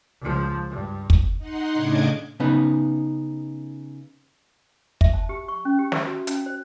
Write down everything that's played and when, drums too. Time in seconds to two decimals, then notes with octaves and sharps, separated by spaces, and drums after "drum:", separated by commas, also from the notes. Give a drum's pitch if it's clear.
0.21 C#2 F3
0.70 G2
1.10 drum: kick
1.38 D#4 F#5 C6
1.73 A2 C#3 D4 D#5 D6 G#6
2.40 C#3 B3 D#4
5.01 E5, drum: kick
5.14 A5
5.29 G4
5.48 C#6
5.65 C#4
5.79 G4
5.92 E5, drum: snare
6.06 F#4
6.27 C#4, drum: hi-hat
6.46 C5